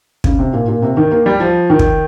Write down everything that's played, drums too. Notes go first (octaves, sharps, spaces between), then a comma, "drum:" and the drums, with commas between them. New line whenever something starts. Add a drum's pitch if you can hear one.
C#3, drum: kick
C3
A#2
A#2
C3
D#3
A#3
G3
F3
D#3
drum: kick